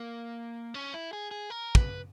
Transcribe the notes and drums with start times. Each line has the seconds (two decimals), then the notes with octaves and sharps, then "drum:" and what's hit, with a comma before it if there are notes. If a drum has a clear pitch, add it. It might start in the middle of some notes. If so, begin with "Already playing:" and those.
Already playing: A#3
0.74 C#4
0.94 E4
1.13 G#4
1.31 G#4
1.50 A#4
1.75 B4, drum: kick